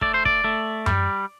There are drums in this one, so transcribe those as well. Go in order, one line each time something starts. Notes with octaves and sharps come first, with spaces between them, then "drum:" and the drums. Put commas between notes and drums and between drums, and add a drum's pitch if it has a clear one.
A3 D5, drum: kick
C5
D5, drum: kick
A3
G3, drum: tom F#2